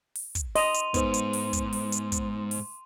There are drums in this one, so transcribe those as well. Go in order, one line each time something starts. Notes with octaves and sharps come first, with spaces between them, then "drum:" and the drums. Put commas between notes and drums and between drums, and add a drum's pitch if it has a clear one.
drum: open hi-hat
drum: kick, hi-hat
D#5 C6 D#7 F7, drum: open hi-hat
drum: hi-hat
G#2 B3 D#4 C5, drum: kick, hi-hat
drum: hi-hat
drum: open hi-hat
drum: kick, hi-hat
drum: open hi-hat
drum: hi-hat
drum: kick, hi-hat
drum: open hi-hat